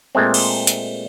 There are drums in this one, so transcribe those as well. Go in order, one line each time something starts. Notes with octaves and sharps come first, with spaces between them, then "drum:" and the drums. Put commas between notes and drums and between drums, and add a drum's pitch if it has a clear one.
A#2 G#3 A3 C4
drum: cymbal
drum: hi-hat